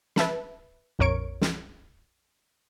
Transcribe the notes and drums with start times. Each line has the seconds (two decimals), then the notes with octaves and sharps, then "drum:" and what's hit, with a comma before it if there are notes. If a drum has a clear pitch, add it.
0.16 B4 E5 A5 B5, drum: snare
0.99 A#1 F2 A#4 C#5 C#6 D7
1.41 drum: snare